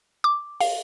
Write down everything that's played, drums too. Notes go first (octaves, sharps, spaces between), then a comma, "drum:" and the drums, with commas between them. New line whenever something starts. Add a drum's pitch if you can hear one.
D6
F5, drum: open hi-hat